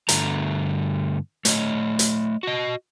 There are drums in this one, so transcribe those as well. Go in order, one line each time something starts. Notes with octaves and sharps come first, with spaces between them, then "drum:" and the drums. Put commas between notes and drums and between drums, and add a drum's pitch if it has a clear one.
G2 D3 A3 A#5, drum: hi-hat
A3 C#5 D#5, drum: hi-hat
drum: hi-hat
F#4 D#5